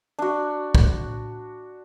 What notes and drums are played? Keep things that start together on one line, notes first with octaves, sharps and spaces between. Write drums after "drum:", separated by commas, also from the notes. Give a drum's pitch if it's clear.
D4 F#4
drum: kick